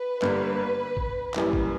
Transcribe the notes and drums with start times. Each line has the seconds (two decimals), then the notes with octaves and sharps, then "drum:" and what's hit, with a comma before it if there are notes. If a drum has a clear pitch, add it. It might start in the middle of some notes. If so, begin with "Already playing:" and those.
Already playing: B4
0.22 G1 G2 D3 A#3, drum: clap
0.97 drum: kick
1.34 F#2 E3 G3 A#3 E4, drum: clap
1.53 drum: kick